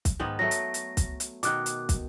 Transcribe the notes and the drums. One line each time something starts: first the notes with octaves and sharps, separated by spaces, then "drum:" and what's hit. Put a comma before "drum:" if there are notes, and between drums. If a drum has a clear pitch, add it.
drum: kick, hi-hat
G#2 D#3 B3
F#3 A3 A#6
drum: hi-hat
drum: hi-hat
drum: kick, hi-hat
drum: hi-hat
B2 D#3 D6 F#6, drum: hi-hat
drum: hi-hat
drum: kick, hi-hat